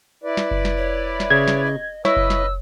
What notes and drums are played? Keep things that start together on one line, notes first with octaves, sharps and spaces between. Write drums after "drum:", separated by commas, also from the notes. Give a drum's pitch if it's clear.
E4 B4 D5
drum: snare
drum: kick F#1
drum: snare
C#5
drum: snare
C#3 C#5 G#6
drum: snare
D#5
E4 B4 C#5 D#5 E6, drum: snare
drum: kick F#1
drum: snare